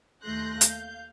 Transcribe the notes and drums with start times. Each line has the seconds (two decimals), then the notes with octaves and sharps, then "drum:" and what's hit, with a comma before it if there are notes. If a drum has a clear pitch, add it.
0.23 D#2 A3 C6 F#6 G6 A#6
0.61 F5 G6, drum: hi-hat